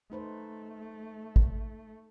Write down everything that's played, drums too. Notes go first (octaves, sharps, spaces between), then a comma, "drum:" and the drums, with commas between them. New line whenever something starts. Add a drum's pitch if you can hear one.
A3 D#4 B4 C5
drum: kick